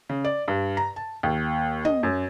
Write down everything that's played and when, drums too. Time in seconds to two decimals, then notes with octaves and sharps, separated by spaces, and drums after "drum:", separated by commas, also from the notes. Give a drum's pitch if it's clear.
0.10 C#3
0.25 D5
0.48 G2
0.77 A#5
0.96 A5
1.23 D#2
1.85 D#5, drum: tom
2.03 F#2